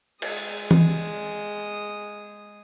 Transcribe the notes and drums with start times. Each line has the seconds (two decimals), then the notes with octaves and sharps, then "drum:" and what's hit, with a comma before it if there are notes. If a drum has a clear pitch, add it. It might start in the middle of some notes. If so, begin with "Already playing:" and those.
0.22 G#3 D#6, drum: cymbal
0.71 drum: tom E3